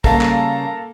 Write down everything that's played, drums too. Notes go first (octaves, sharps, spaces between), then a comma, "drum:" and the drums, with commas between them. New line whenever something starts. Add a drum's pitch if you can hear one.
C#3 G3 A#3 A4 F5 A#5, drum: kick
drum: clap